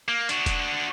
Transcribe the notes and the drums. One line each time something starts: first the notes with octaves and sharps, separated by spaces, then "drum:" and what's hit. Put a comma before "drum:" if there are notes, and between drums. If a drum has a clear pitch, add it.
A#3
D4 F#4, drum: hi-hat
drum: kick E1, hi-hat